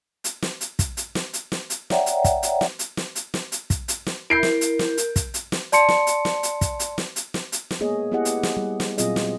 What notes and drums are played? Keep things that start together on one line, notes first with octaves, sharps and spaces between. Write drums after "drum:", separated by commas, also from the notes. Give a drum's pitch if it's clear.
drum: hi-hat
drum: snare
drum: hi-hat
drum: kick, hi-hat
drum: hi-hat
drum: snare
drum: hi-hat
drum: snare
drum: hi-hat
C#5 D5 E5 F#5 G5 A#5, drum: snare
drum: hi-hat
drum: kick, hi-hat
drum: hi-hat
drum: snare
drum: hi-hat
drum: snare
drum: hi-hat
drum: snare
drum: hi-hat
drum: kick, hi-hat
drum: hi-hat
drum: snare
E4 A#4 G6 C7 D7
drum: snare
drum: hi-hat
drum: snare
drum: hi-hat
drum: kick, hi-hat
drum: hi-hat
drum: snare
D5 A5 C6 C#7, drum: hi-hat
drum: snare
drum: hi-hat
drum: snare
drum: hi-hat
drum: kick, hi-hat
drum: hi-hat
drum: snare
drum: hi-hat
drum: snare
drum: hi-hat
drum: snare
G#3 A#3 B3 G#4 C#5 D#5
B3 E4 G4 G#4 D#5 F#5
drum: hi-hat
drum: snare
G3 G#4
drum: snare
A#2 F#3 C4 F4 G#4 D#5, drum: hi-hat
drum: snare